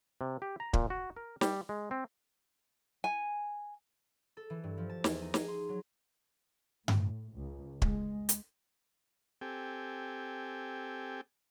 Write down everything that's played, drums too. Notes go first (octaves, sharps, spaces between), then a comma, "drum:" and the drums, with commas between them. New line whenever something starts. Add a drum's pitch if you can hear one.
C3
G4
A#5
A#2, drum: kick
F#4
A#4
G3, drum: snare
G#3
C4
G#5
A4
E3
G2
F3
A5
E2, drum: snare
D#4
G#4, drum: snare
C6
F#3
A2, drum: tom G2
C#2
G#3, drum: kick
drum: hi-hat
C4 G4 A4 G5 G#5